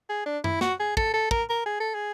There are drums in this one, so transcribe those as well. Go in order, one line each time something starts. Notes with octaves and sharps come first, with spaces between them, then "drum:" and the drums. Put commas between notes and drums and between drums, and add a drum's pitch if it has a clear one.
G#4
D4
E4, drum: tom F#2
F#4, drum: snare
G#4
A4, drum: kick
A4
A#4, drum: kick
A#4
G#4
A4
G#4